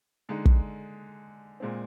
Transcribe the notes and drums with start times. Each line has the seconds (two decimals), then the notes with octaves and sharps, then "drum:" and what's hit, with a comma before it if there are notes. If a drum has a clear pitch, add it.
0.29 D3 G#3 D#4
0.45 drum: kick
1.60 A#2 G#3 C4